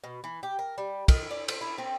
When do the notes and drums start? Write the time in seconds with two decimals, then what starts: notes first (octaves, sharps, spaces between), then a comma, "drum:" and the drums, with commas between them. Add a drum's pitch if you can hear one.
0.04 B2
0.24 E3
0.43 G4
0.59 A#4
0.78 G3
1.08 D#3, drum: kick, cymbal
1.31 D5
1.48 C5, drum: cymbal
1.61 E4
1.78 C4